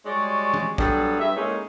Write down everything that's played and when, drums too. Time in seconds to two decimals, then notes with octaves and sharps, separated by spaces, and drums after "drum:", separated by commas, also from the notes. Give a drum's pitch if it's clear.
0.06 G3 G#3 F#4 C#5 D5
0.54 drum: tom
0.78 F#3 G3 B3 D4 G#4 A4, drum: kick
1.20 G2 E5
1.36 A2 G#3 A#3 C#4 D#4 G#4